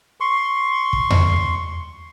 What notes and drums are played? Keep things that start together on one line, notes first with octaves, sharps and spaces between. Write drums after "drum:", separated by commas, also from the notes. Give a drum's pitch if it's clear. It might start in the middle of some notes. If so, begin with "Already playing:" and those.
C6 C#6
drum: kick
drum: tom E2